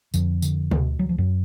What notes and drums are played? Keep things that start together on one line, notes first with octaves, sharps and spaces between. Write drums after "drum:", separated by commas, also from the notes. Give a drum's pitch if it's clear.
F2 D3 F3, drum: tambourine
D3, drum: tambourine
D2, drum: tom
D2 F#3
F3
F#2 F#3